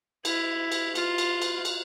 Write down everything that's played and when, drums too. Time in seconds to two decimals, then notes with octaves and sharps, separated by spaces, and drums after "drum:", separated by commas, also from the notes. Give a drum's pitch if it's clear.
0.25 E4, drum: cymbal
0.72 drum: cymbal
0.95 F4, drum: cymbal
1.18 drum: cymbal
1.42 drum: cymbal
1.65 drum: cymbal